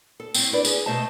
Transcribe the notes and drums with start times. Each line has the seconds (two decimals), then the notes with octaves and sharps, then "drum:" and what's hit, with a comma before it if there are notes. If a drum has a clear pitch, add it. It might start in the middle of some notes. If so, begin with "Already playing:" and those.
0.20 A4
0.34 A2 C4, drum: tambourine
0.53 D4 B4 D5
0.65 G#4, drum: tambourine
0.86 B2 A3 C5 D#5 A5